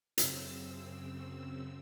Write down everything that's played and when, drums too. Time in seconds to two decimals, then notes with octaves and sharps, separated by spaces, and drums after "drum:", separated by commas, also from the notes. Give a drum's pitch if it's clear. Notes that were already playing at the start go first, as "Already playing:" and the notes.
0.18 F#2 C#3 C4 E6, drum: hi-hat